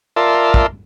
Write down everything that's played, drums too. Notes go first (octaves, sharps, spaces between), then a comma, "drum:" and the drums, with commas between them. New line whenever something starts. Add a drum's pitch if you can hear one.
F4 A#4 D5 E5 A5 C6
drum: kick